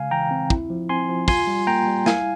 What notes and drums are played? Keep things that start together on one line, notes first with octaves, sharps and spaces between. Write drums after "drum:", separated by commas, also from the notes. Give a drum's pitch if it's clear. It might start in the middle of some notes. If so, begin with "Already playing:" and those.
Already playing: C#3 G#3 F5 G#5
E3 G5 A#5
C4
E4, drum: kick
F3
C4 G#5 C6
F3
F4 G#5 C6, drum: kick, open hi-hat
G3
A#3 G5 A#5
G3
E4 F5 G#5, drum: snare